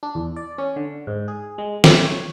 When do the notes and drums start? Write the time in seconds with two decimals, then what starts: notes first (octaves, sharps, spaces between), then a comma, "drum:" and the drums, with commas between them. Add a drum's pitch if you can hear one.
0.03 D4
0.15 E2
0.36 D5
0.58 C#4
0.76 D3
1.07 G#2
1.28 G#4
1.58 G#3
1.84 D6, drum: snare
2.06 C#5